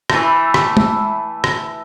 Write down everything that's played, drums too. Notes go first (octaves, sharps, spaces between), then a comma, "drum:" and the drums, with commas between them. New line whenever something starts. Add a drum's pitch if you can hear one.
E3 A3, drum: rim click
drum: rim click
drum: tom G#3
drum: rim click